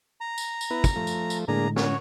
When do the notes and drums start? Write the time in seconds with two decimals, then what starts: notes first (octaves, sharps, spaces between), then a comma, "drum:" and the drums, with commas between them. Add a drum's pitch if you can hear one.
0.21 A#5
0.38 drum: tambourine
0.61 drum: tambourine
0.70 B3 E4 B4
0.84 drum: kick, tambourine
0.96 F3 A3
1.07 drum: tambourine
1.30 drum: tambourine
1.48 A2 D3 G#3 A#3 D4 G#4 A#5
1.76 C#4 F#4 C#5, drum: snare